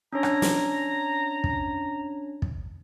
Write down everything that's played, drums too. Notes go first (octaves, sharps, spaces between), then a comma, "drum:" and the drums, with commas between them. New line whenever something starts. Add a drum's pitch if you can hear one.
C#4 D4 C#5 A#5
drum: rim click
drum: snare
drum: kick
drum: kick